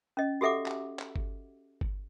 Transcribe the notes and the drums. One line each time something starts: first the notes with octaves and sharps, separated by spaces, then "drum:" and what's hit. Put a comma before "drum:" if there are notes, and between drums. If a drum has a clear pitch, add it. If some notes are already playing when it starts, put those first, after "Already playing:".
C#4 D#5
F#4 G4 A4 E5 F#5 D6
drum: clap
drum: clap
drum: kick G1
drum: kick G1